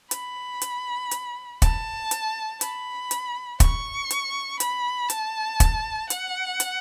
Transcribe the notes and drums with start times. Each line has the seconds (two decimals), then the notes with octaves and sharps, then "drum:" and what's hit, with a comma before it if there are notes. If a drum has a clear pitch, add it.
0.11 B5, drum: hi-hat
0.62 drum: hi-hat
1.11 drum: hi-hat
1.62 A5, drum: kick, hi-hat
2.11 drum: hi-hat
2.61 B5, drum: hi-hat
3.11 drum: hi-hat
3.60 C#6, drum: kick, hi-hat
4.11 drum: hi-hat
4.60 B5, drum: hi-hat
5.10 A5, drum: hi-hat
5.60 drum: kick, hi-hat
6.10 F#5, drum: hi-hat
6.60 drum: hi-hat